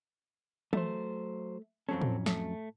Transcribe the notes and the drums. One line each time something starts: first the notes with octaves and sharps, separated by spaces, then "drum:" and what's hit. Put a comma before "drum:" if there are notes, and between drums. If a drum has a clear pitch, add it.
F#3 A3 C5, drum: tom E3
F2 F#3 C4 C#4 A4
drum: tom A2
A3, drum: snare